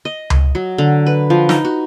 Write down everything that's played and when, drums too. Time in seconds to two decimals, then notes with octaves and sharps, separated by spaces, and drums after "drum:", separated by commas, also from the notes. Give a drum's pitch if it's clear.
0.05 D#5
0.30 drum: tom C#2
0.55 F#3
0.78 D3
1.06 B4
1.30 F3
1.49 D#4, drum: snare
1.65 F#4